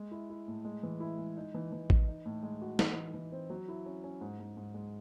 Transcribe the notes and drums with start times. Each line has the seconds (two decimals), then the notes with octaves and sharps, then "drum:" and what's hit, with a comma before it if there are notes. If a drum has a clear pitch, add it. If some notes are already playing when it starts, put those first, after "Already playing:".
Already playing: G#3
0.11 E4
0.30 E4
0.48 A2
0.65 G#3
0.83 E3
1.00 E4
1.18 G#3
1.37 D#4
1.54 E3
1.72 E3
1.90 E3, drum: kick A1
2.08 D#4
2.25 A2
2.43 G#3
2.61 F#4
2.79 E3, drum: snare
2.97 D#4
3.14 E3
3.32 C4
3.50 F#3
3.68 E4
3.86 C#4
4.04 C#4
4.21 G#2
4.40 G#2
4.57 G#2
4.74 G#3